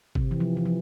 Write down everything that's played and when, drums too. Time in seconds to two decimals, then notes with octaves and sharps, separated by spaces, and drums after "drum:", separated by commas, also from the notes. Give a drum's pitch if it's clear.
0.15 C3, drum: kick
0.31 E3
0.40 F3
0.57 E3
0.65 F3